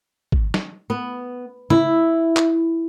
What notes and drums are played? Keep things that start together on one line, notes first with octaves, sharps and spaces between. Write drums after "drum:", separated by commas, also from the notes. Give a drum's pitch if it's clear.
drum: kick G#1
drum: snare
B3
E4, drum: tom C#3
drum: clap